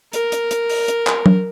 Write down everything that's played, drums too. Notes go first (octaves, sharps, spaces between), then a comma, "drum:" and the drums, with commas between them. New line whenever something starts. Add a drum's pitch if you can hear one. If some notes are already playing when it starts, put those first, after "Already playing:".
A#4, drum: hi-hat
drum: hi-hat
drum: hi-hat
drum: open hi-hat
drum: hi-hat
drum: clap
drum: tom F#3